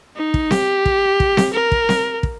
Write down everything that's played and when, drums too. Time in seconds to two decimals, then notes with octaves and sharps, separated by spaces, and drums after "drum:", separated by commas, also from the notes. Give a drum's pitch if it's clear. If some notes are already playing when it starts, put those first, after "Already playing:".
0.16 D#4
0.34 drum: kick
0.51 G4, drum: snare C4
0.85 drum: kick
1.20 drum: kick
1.37 drum: snare C4
1.54 A#4
1.72 drum: kick
1.89 drum: snare C4
2.23 drum: kick